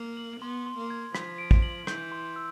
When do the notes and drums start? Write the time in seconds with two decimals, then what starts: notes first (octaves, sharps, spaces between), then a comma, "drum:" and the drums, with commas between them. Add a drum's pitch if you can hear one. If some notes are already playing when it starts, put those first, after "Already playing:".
Already playing: A#3
0.17 F#7
0.41 B3 C6
0.66 C6
0.78 A#3
0.90 G#6
1.15 F3 B6, drum: rim click
1.38 D7
1.51 drum: kick
1.62 F#7
1.87 E3 G6, drum: rim click
2.12 C6
2.36 E6